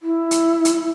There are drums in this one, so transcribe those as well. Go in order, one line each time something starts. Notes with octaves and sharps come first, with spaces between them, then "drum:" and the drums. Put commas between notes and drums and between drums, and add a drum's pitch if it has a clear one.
E4
drum: hi-hat
drum: hi-hat